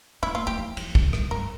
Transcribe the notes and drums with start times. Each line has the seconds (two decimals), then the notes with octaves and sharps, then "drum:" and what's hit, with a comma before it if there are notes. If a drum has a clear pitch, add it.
0.23 C#4 E4
0.35 A#3 F4
0.47 A#3 G4
0.58 E3
0.77 E3, drum: cymbal
0.95 C#3, drum: kick
1.13 G2, drum: rim click
1.31 G2 A#4